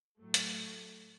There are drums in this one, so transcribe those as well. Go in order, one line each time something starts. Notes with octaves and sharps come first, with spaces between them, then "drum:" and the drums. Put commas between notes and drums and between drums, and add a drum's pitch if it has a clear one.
A2 F#3 A3
drum: hi-hat